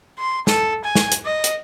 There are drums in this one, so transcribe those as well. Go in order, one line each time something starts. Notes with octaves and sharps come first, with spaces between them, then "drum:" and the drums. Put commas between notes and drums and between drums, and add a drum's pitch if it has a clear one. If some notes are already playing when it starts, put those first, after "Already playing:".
C6
A4, drum: snare
G#5
drum: snare
drum: hi-hat
D#5
drum: hi-hat